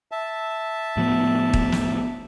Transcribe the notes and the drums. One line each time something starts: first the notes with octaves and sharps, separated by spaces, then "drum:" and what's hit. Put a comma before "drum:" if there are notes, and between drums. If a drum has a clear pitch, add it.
E5 A5
A2 F3 B3
drum: kick D#1
drum: snare